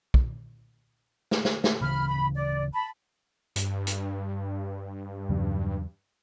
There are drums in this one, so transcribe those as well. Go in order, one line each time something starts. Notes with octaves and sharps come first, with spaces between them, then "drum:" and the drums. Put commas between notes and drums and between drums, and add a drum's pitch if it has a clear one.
drum: kick
drum: snare
drum: snare
drum: snare
D1 C#3 E3 B5 F6
B5
D5
A5 B5
G2, drum: hi-hat
drum: hi-hat
E2 C#3 F#3